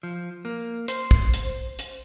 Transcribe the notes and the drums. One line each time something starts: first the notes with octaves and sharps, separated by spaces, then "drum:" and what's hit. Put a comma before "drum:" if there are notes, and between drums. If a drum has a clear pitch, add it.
F3
A#3
C5, drum: hi-hat
drum: kick
drum: hi-hat
drum: hi-hat